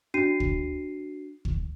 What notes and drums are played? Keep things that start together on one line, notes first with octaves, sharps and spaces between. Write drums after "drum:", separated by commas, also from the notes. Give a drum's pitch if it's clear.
D4 F#4 C7 D#7
drum: kick D2
drum: kick D2